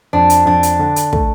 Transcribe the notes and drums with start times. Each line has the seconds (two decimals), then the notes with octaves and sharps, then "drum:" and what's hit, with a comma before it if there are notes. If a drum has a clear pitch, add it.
0.13 F2 D4
0.30 drum: hi-hat
0.46 F2 D4
0.63 drum: hi-hat
0.79 D3
0.96 drum: hi-hat
1.13 A3, drum: kick